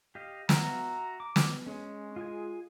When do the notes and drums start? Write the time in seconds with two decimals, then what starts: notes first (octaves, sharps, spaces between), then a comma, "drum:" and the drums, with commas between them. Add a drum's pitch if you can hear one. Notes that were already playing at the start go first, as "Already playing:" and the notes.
0.15 G4 D#5 F5
0.49 F#4 E5 F5 A#5, drum: snare
1.20 D6
1.36 drum: snare
1.66 G#3 C#4
2.16 F4 G#4 G#5